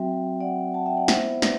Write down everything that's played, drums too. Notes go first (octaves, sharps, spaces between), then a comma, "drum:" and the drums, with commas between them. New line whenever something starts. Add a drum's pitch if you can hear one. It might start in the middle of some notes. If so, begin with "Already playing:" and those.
Already playing: F#3 C4 F#4 E5 G5
D5 F#5
F#5 A5
E5 G5
D5 F#5
B3 E4 C5 E5, drum: snare
B4 D5, drum: snare